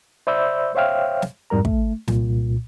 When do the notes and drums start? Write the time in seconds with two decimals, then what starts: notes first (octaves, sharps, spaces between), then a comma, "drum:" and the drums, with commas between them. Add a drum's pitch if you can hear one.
0.27 C5 D5 E5 B5 E6 G6
0.75 C5 C#5 E5 F5 G5 F6
1.22 drum: snare
1.50 F2 G#2 G3 A#4 A#5
1.65 A3, drum: kick
2.08 C2 A#2, drum: snare